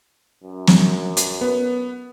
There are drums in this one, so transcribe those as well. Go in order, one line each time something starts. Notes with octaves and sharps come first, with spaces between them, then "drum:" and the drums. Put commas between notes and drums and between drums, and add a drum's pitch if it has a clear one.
F#2
drum: snare
drum: hi-hat
B3